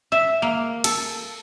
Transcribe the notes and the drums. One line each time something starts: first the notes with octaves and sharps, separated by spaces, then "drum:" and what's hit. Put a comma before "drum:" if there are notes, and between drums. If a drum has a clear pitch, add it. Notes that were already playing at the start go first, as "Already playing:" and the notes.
E5
A#3
A4, drum: cymbal